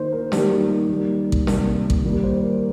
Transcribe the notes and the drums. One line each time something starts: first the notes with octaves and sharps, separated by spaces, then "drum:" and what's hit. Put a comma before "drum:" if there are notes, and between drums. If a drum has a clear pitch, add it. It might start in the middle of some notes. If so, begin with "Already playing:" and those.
Already playing: D#3 A#3 D#4 C5
A#4
D#3 G3 A#3 G4, drum: snare
D#4
D#4
D#3 G3 A#3
drum: kick A1
C3 D#3 G3 A#3, drum: snare
drum: kick A1
D#3 G3 A#3
C5
A#4